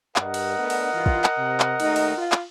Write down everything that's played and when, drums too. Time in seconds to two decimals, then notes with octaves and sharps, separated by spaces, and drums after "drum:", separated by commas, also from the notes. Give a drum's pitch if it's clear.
0.16 G2 A#4 D#5 F#5, drum: clap
0.34 drum: cymbal
0.57 A3 B3 D4
0.70 drum: cymbal
0.93 G2 E3 F4
1.06 drum: kick
1.24 drum: clap
1.37 C3
1.60 drum: clap
1.80 D#2 A3 D#4, drum: cymbal
1.96 drum: cymbal
2.17 F4
2.32 drum: clap